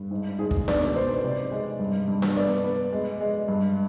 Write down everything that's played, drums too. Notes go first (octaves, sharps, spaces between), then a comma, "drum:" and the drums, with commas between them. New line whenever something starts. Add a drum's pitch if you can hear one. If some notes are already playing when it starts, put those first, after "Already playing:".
Already playing: G2
G#2
G#2 G#4
drum: kick
B2 D5, drum: snare D4
B3 C5
C3 D5
G#3
G2
G2
drum: snare D4
B3 D5
B3
G#3
G#3
G2